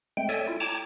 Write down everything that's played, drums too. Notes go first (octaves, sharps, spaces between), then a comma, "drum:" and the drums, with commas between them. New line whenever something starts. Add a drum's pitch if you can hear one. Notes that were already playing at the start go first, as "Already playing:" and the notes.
G#3 A3 C4 G5
A4 C#5 D5 E5 G5 G#5, drum: hi-hat
E4 F4
G5 A5 A#5 D6 G#6